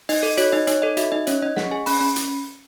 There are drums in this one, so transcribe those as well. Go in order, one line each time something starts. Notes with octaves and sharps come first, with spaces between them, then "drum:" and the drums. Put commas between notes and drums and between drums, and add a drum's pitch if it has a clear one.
D#4 D#5, drum: open hi-hat
A4 D#5
F#4 C#5, drum: hi-hat
D#4 D#5
D#4 C#5, drum: hi-hat
A4 D#5
F#4 E5, drum: hi-hat
D#4 D#5
C#4 C#5, drum: hi-hat
C#4 D#5
G#4 F#5, drum: snare
G#4 G#5
C#4 B5, drum: open hi-hat
C#4 B5
drum: hi-hat